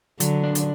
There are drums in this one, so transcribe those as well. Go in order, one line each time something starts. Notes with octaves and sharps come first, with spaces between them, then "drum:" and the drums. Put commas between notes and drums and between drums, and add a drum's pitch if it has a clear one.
D3 F#3, drum: hi-hat
D4
drum: hi-hat